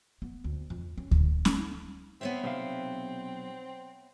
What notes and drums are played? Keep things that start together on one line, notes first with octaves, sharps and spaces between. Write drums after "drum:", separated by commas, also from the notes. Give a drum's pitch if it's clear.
B3
D2
F2
C#4
D2, drum: kick D2
drum: snare C#4
B3 C4 C#5 E5
B1 C3 C4 F5